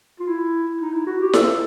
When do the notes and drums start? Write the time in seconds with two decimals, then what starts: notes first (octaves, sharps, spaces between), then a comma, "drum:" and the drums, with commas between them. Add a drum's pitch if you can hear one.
0.20 F4
0.28 E4
0.81 D#4
0.94 E4
1.07 F#4
1.21 G4
1.33 A4, drum: snare E4